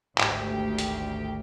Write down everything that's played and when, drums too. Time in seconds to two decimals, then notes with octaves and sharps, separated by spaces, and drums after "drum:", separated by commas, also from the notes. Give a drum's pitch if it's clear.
0.18 G#1 D2 G4, drum: clap
0.78 drum: hi-hat